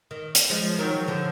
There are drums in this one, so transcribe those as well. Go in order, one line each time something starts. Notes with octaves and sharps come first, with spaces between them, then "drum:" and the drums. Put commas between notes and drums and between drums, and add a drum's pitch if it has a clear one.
D#3
drum: hi-hat
F3 G#3
D#3 F#3
D3 F3